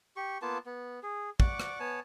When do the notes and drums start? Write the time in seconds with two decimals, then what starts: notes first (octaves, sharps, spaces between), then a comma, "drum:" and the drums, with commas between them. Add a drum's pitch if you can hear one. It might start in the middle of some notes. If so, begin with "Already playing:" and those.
0.16 G4 C#6
0.42 A#3 B3 F4 A5
0.66 B3
1.03 G#4
1.40 D5 F#5 C#6 D6, drum: kick
1.60 drum: rim click
1.80 B3 C#5 G#5 A5